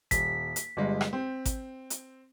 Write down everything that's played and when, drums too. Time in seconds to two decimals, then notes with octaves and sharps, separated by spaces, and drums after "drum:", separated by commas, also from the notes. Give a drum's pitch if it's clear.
0.11 D#1 B6, drum: kick G#1, hi-hat
0.56 drum: hi-hat
0.77 G1 G3 G#3
1.01 drum: rim click
1.13 C4
1.45 drum: kick G#1, hi-hat
1.90 drum: hi-hat